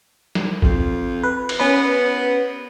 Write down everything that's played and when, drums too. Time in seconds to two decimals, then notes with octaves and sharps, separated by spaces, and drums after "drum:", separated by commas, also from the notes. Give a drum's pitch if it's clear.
0.35 drum: snare
0.62 F2, drum: kick
1.23 B4
1.49 drum: cymbal
1.60 B3 C#4 B4